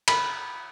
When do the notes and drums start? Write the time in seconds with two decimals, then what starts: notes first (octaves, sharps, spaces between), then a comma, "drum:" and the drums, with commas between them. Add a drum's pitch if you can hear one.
0.08 B5, drum: cymbal